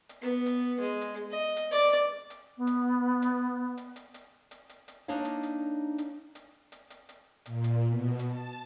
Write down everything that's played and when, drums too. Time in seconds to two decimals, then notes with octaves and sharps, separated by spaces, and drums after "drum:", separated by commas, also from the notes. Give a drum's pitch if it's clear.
0.09 drum: hi-hat
0.22 B3
0.46 drum: hi-hat
0.80 G#3
1.01 drum: hi-hat
1.30 D#5
1.57 drum: hi-hat
1.71 D5 D6
1.93 drum: hi-hat
2.30 drum: hi-hat
2.57 B3
2.67 drum: hi-hat
3.22 drum: hi-hat
3.77 drum: hi-hat
3.96 drum: hi-hat
4.14 drum: hi-hat
4.51 drum: hi-hat
4.69 drum: hi-hat
4.88 drum: hi-hat
5.08 A#3 D4 D#4 C#5 F5
5.25 drum: hi-hat
5.43 drum: hi-hat
5.98 drum: hi-hat
6.35 drum: hi-hat
6.72 drum: hi-hat
6.90 drum: hi-hat
7.09 drum: hi-hat
7.46 A#2, drum: hi-hat
7.64 drum: hi-hat
7.89 B2
8.19 drum: hi-hat
8.29 A5